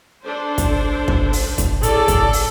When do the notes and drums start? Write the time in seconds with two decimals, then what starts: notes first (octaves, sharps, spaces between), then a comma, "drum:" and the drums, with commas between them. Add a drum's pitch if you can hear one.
0.24 D4 A4 C5
0.58 drum: kick, hi-hat
1.08 drum: kick
1.33 drum: open hi-hat
1.58 drum: kick, hi-hat
1.83 A2 C#4 G#4 A4 D5, drum: hi-hat
2.08 drum: kick, hi-hat
2.33 drum: open hi-hat